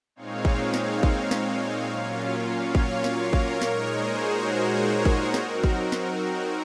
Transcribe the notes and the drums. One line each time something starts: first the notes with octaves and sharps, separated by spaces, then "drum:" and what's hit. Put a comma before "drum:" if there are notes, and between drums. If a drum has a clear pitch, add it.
A#2 G#3 C4 D#4 C#5 F5
drum: kick G#1
C#5 F5
drum: snare
C#5 F5, drum: kick G#1
drum: snare
A#2 F#3 A#3 C#4 F4
C#5 F5, drum: kick G#1
drum: snare
A#4 C#5
drum: kick G#1
A#2 G#3 D#4 A#4 C#5, drum: snare
G#4 C5
F#4 A#4
A#4 C#5
A#4 C#5
G#4 C5, drum: kick G#1
F#3 C4 D#4 F#4 A#4, drum: snare
drum: kick G#1
drum: snare